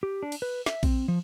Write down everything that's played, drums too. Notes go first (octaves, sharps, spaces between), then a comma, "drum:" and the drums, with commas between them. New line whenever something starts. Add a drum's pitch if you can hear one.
G4
D4
drum: cymbal
B4
E5, drum: snare
C4, drum: kick A#1, cymbal
F3